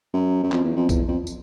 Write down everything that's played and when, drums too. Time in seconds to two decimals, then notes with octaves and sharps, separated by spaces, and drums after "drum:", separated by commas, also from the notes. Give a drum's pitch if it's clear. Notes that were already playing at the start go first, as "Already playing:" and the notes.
0.14 F#2
0.43 F#2
0.52 F2, drum: clap
0.64 E2
0.76 F2
0.89 E2, drum: kick B1, tambourine
1.08 F2
1.27 drum: tambourine